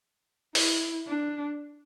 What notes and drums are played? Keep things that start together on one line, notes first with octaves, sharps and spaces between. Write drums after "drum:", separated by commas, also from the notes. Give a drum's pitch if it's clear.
E4, drum: open hi-hat
D4